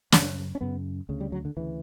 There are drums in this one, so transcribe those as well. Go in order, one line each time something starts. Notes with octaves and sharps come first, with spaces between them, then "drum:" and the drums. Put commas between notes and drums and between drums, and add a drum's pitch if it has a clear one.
F#2 C#3 D4, drum: snare
C#4
F#2 C#3 B3
D2 C#3
G3
F#3
D3
D2 C#3 E3